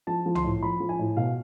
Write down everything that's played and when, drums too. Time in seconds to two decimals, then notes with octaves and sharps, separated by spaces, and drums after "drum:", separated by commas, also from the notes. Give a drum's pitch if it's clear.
0.07 F3 A5
0.26 F3
0.35 C6, drum: tom C2
0.44 A2
0.63 F3 B5
0.80 F3
0.89 G#5
0.99 A2
1.17 B2 F5